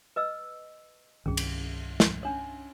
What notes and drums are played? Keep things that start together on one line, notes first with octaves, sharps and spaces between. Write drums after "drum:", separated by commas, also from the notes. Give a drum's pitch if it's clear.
B4 D#5 E6
C2 G2 D#3 C#4 G#4
drum: cymbal
drum: snare
C#4 D4 C#5